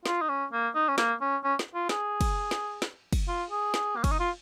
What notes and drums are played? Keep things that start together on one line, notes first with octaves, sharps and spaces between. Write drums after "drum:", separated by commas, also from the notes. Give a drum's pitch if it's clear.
F4, drum: snare
D#4
C#4
A#3
D#4
C#4
A#3, drum: snare
C#4
C#4
drum: snare
F4
G#4, drum: snare
drum: kick, cymbal
drum: snare
drum: snare
drum: kick, cymbal
F4
G#4
drum: snare
A#3
C#4, drum: kick, cymbal
D#4
F4